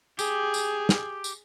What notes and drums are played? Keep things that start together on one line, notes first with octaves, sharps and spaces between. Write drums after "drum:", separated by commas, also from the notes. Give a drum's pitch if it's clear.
G4 G#4, drum: tambourine
drum: tambourine
drum: snare
drum: tambourine